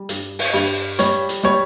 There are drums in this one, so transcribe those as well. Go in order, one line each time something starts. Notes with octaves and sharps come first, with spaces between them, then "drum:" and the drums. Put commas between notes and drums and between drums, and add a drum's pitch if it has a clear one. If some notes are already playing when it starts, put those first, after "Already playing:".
Already playing: G3
G2, drum: hi-hat
drum: open hi-hat
G2
G3 C#5, drum: hi-hat
drum: hi-hat
G3 C#5